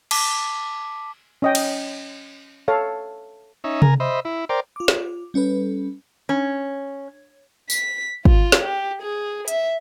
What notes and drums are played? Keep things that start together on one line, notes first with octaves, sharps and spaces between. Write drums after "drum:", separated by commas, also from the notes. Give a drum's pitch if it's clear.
A5 D6 B6 D#7, drum: cymbal
C#4 D#5 G5
drum: cymbal
A4 C#5 F5
C#4 D#4 E5
A#4 G#5 A#5, drum: tom C3
C5 D#5 E5 B5
E4
A#4 C5 D5 G5
F4 D6
drum: snare
G3 C#4 A4 B4
C#4
B6, drum: tambourine
F4, drum: kick G#1
drum: snare
G4
G#4
E5, drum: hi-hat